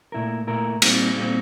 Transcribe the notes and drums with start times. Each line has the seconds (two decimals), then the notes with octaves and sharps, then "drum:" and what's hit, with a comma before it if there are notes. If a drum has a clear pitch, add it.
0.12 A#2 A3 E4 A#4
0.47 A#2 A3 E4 A#4
0.82 A#2 G3 C4, drum: cymbal
1.17 A#2 G3 C4